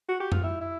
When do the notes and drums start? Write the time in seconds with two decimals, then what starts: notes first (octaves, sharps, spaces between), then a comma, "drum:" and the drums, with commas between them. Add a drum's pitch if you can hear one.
0.08 F#4
0.20 G4
0.32 F4, drum: tom F2
0.44 E4
0.61 E4